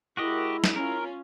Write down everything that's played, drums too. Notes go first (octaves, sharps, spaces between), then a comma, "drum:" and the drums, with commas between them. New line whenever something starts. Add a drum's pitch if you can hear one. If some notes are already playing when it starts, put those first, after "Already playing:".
G#3 E4 F#4 G4 A#4 D#5
drum: snare
C#4 F4 A#4